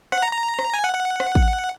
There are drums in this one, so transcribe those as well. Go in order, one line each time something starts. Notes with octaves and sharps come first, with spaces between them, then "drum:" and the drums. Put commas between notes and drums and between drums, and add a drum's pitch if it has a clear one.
F#5, drum: rim click
A#5
A#5
drum: rim click
G#5
F#5
F#5
drum: rim click
drum: kick